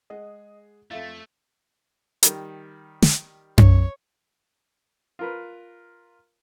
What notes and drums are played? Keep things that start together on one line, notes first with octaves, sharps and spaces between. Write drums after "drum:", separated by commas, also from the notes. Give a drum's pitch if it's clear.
G#3 G#4 D#5 F#5
F2 A3 F4 A4 E5 F5 A6
D#3 G3, drum: hi-hat
drum: snare
C#5, drum: tom F#2
F4 A#4 B4